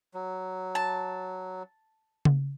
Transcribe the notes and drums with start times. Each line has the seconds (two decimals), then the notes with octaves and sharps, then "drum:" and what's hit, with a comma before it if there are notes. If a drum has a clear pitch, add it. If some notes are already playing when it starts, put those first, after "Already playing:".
0.14 F#3
0.75 A5
2.25 drum: tom C#3